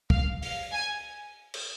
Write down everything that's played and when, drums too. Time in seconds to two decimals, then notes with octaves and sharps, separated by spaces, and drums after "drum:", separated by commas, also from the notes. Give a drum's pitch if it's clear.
0.10 F5, drum: kick
0.43 F5, drum: open hi-hat
0.73 G#5
1.54 drum: cymbal